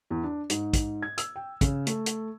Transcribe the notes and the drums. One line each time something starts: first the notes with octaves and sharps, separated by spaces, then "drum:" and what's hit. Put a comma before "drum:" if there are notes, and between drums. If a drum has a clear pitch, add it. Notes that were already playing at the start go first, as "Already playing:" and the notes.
E2
D4
G#2, drum: hi-hat
drum: kick, hi-hat
G#6
E6, drum: hi-hat
G5
C#3, drum: kick, hi-hat
A3, drum: hi-hat
drum: hi-hat